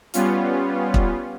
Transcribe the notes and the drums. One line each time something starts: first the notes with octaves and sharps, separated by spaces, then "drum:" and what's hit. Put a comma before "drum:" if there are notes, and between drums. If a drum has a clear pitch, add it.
G3 B3 C#4 F4, drum: hi-hat
drum: kick